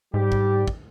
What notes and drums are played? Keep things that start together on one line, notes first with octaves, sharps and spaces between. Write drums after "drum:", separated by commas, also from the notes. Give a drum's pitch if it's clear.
G#2 G3 G4
drum: kick
drum: kick